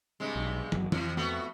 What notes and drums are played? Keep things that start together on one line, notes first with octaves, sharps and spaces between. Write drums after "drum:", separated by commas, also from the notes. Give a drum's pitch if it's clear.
G2 C3 G#3
B1
G1 A#2 F#3, drum: tom
F2 C3 E3, drum: tom E3
A3 B3 F#4